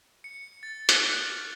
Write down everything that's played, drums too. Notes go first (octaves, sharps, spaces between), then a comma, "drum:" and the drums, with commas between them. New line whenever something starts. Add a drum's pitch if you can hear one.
C#7
A6
F#6, drum: hi-hat
F6